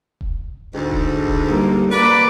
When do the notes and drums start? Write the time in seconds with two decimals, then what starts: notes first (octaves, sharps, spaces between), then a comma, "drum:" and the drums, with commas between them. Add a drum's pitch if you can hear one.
0.21 drum: kick D#1
0.74 D2 G#2
0.91 drum: kick D#1
1.27 drum: kick D#1
1.46 G3 A#3
1.92 A#3 B4 D5